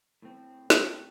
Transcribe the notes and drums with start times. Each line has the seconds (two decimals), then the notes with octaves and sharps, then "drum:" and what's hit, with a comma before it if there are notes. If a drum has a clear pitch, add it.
0.22 A2 A3 C4
0.70 A2 A3 C4, drum: snare